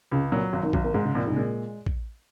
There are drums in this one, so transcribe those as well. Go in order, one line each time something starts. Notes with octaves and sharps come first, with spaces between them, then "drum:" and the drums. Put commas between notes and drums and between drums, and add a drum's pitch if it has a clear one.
C#2 C#3
A#2 F#3
G#1
D#3
G#1 F#3, drum: kick
A#3
G#2 G#3
C#3
A#1 A#2
G#2
C#3
A#2 G#3
drum: kick